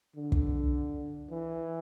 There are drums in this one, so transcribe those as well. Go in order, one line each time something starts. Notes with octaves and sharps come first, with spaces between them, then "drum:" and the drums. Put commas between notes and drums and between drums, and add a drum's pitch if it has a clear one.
D3
drum: kick
E3